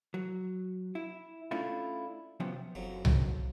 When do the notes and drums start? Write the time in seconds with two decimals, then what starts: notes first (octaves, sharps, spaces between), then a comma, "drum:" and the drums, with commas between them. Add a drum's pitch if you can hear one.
0.14 F#3
0.95 E4
1.51 A3 C#4 D4 E4 F4
2.40 C3 F3 F#3 B3 C#4 G4
2.75 F#1 F2 F#3
3.05 drum: tom C2